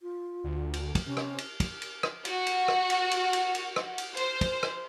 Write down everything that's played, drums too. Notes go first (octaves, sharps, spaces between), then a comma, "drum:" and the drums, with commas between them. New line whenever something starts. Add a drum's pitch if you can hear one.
F4
D2
drum: cymbal
drum: kick, cymbal
C3 C#4
drum: rim click
drum: cymbal
drum: kick, cymbal
drum: cymbal
drum: rim click
F#4, drum: cymbal
drum: cymbal
drum: rim click
drum: cymbal
drum: cymbal
drum: cymbal
drum: cymbal
drum: rim click
drum: cymbal
C5, drum: cymbal
drum: kick, cymbal
drum: rim click